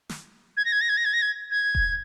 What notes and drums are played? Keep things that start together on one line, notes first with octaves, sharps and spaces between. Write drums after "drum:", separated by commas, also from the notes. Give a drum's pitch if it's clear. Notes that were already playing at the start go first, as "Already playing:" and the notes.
drum: snare
G#6
A#6
G#6
A#6
G#6
A#6
G#6
A#6
G#6
G#6
drum: kick E1